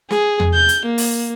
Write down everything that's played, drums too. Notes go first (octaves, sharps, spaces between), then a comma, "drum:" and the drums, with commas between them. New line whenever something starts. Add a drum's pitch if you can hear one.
G#4, drum: snare
drum: tom E2
G6
drum: hi-hat
A#3
drum: open hi-hat